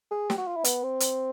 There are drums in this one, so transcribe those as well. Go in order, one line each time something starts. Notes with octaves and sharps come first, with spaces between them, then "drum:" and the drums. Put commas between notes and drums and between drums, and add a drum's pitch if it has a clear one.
G#4
G4, drum: snare
F#4
F4
E4
B3, drum: hi-hat
C4
drum: hi-hat